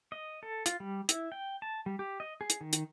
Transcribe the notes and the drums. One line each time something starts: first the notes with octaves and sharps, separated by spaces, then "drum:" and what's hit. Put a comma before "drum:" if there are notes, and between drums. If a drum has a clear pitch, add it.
D#5
A4
F4, drum: hi-hat
G3
E4, drum: hi-hat
G5
A5
G3
G4
D#5
G#4
drum: hi-hat
D#3
drum: hi-hat